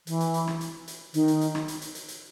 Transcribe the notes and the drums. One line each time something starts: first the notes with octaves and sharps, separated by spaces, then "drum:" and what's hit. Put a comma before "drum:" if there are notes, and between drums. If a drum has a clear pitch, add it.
E3, drum: hi-hat
drum: hi-hat
drum: hi-hat
drum: rim click
drum: hi-hat
drum: hi-hat
D#3, drum: hi-hat
drum: hi-hat
drum: hi-hat
drum: rim click
drum: hi-hat
drum: hi-hat
drum: hi-hat
drum: hi-hat